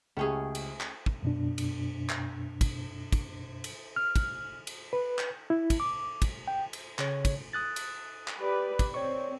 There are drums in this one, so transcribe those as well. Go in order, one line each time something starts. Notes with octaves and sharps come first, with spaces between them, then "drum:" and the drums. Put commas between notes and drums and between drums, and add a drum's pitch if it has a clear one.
C#2 A3 C#4 G4 G#4
drum: cymbal
drum: clap
drum: kick
F#2 B2 D4
drum: cymbal
drum: clap
drum: kick, cymbal
drum: kick, cymbal
drum: cymbal
F6
drum: kick, cymbal
drum: cymbal
B4
drum: clap
E4
drum: kick, cymbal
D6
drum: kick, cymbal
G5
drum: cymbal
C#3 C#5, drum: clap
drum: kick, cymbal
D#6 F#6 A6
drum: cymbal
drum: clap
G4 B4 D5
drum: kick, cymbal
C4 C#5 D5 C#6